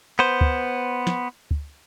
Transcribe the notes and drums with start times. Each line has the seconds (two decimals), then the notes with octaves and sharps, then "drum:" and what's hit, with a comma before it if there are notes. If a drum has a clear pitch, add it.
0.19 B3 C5
0.41 drum: kick
1.07 drum: snare
1.51 drum: kick